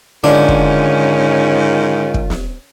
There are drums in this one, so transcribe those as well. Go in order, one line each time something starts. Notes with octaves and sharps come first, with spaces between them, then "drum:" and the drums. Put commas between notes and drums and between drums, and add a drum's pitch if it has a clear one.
G#2 D3 D#3 C#4 D4 F4
drum: kick
drum: kick
drum: snare